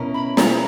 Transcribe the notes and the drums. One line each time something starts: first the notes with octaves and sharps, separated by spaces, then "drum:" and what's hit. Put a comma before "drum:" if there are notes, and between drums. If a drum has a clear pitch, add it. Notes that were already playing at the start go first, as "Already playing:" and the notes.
Already playing: B2 C#4 E4 A#4
B5
A#5, drum: snare